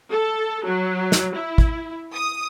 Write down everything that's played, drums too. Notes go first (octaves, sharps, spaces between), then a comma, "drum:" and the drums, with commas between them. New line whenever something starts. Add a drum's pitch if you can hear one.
A4
F#3
drum: snare
E4
drum: kick
D#6